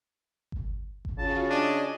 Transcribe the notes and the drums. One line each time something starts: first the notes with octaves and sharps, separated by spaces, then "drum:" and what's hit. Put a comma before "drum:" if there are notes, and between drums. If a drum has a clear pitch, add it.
drum: kick G1
drum: kick G1
C#3 F4 F#4 A5
D4 D#5 G#5